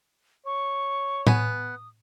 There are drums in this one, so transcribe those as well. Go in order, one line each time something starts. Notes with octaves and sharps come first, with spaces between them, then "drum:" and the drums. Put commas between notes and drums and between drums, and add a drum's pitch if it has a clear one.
C#5 C#6
B3 G#5 D#6, drum: tom A2